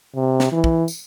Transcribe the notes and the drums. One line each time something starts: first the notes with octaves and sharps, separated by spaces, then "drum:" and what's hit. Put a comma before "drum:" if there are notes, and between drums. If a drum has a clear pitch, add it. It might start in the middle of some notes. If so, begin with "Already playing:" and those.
C3
drum: snare
E3
drum: kick
drum: tambourine